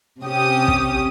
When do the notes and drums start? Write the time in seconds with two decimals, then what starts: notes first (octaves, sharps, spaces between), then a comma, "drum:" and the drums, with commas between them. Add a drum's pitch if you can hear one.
0.23 C3 C#4 G4 D#6
0.68 drum: kick